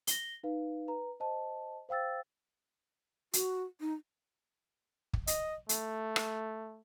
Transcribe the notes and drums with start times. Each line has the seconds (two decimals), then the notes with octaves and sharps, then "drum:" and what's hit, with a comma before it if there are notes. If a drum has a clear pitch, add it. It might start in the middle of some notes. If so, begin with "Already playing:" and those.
0.07 A#6 G7, drum: hi-hat
0.43 D#4 B4 F5
0.88 B4 A#5
1.20 C5 D#5 A5
1.89 C5 F5 G5 E6 A6
3.33 F#4, drum: hi-hat
3.80 D#4
5.13 drum: kick
5.27 D#5, drum: hi-hat
5.69 A3, drum: hi-hat
6.16 drum: rim click